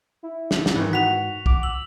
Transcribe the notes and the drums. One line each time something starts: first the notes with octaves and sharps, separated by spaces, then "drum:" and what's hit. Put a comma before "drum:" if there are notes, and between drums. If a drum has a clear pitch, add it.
E4
drum: snare
drum: snare
G#2 D#3 E3
F#4 B6 F7
D6, drum: kick
E6 F#7